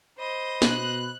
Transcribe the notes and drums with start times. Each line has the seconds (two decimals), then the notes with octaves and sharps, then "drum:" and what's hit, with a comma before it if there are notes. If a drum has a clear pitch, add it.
0.19 C5 D#5 B5
0.62 B2 F#6, drum: snare